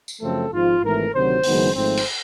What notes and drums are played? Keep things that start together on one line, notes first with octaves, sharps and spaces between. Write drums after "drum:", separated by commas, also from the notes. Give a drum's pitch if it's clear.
drum: tambourine
F#2 C#3 F3 A3 C4 A4
G#1 G#2 F3 F4
G#1 G#2 E3 A3 A#4
D2 C3 D#3 F#3 C5
F#1 F#2 D#3 G#3 B3, drum: open hi-hat
G#1 G#2 F3 A3 C4 C5
drum: cymbal